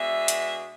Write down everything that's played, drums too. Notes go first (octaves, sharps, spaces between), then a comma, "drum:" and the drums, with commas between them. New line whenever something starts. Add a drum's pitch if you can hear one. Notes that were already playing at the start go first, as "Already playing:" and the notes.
Already playing: B2 G#3 B3 D4 E5
drum: hi-hat